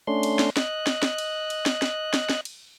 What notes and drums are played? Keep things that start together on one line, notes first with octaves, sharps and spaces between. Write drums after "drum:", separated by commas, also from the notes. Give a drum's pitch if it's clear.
A3 C#4 D4 C6
drum: cymbal
drum: snare
D#5 F#6, drum: snare
drum: snare
drum: snare
drum: cymbal
drum: cymbal
drum: snare
drum: snare
drum: snare
drum: snare
drum: cymbal